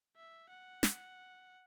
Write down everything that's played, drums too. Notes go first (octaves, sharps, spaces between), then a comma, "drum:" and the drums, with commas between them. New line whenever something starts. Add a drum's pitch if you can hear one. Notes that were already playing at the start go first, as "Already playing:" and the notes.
E5
F#5
drum: snare